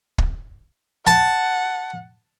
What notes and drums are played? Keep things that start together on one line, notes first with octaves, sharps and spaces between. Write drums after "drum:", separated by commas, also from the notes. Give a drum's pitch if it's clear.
drum: kick
F#5 A5, drum: hi-hat